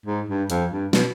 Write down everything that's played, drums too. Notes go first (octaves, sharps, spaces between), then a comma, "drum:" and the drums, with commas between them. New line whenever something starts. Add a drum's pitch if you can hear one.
G#2
G2
F2, drum: hi-hat
G2
B2, drum: snare